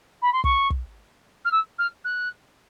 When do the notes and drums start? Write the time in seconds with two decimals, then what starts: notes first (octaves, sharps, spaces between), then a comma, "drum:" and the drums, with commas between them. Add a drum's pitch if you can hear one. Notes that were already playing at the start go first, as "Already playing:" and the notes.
0.22 B5
0.33 C6
0.44 C#6, drum: kick
0.70 drum: kick
1.45 F6
1.52 E6
1.79 F6
2.05 F#6